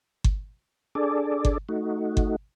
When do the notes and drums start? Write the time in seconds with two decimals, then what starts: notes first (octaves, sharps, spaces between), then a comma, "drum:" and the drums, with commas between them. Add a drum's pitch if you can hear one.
0.24 drum: kick G1
0.95 D4 G#4 A4 D5
1.45 drum: kick G1
1.69 A3 D#4 F#4
2.17 drum: kick G1